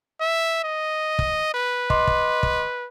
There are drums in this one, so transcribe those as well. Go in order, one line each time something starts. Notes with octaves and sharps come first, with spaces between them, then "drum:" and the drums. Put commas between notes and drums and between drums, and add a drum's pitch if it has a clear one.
E5
D#5
drum: kick
B4
D#5 C6 D6, drum: kick
drum: kick
drum: kick